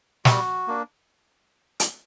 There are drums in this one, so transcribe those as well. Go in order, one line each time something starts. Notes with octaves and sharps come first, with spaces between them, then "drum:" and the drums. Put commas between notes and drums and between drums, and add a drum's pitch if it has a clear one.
G3 F#4, drum: snare
A#3 D4
drum: hi-hat